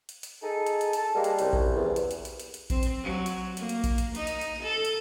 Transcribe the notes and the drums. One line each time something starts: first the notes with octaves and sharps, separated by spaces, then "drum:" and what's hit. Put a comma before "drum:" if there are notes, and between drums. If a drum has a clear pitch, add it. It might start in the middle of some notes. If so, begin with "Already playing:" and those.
drum: hi-hat
drum: hi-hat
D#4 G#4 A4
drum: hi-hat
drum: hi-hat
A4 A5, drum: hi-hat
G3 G#3 A#3
drum: hi-hat
C2 F#2, drum: hi-hat
drum: kick A#1
E2
drum: hi-hat
drum: hi-hat
drum: hi-hat
drum: hi-hat
drum: hi-hat
C4, drum: kick A#1, hi-hat
drum: hi-hat
F#3
drum: hi-hat
A#3, drum: hi-hat
drum: hi-hat
drum: kick A#1, hi-hat
drum: hi-hat
D#4, drum: hi-hat
drum: hi-hat
drum: hi-hat
A4
drum: hi-hat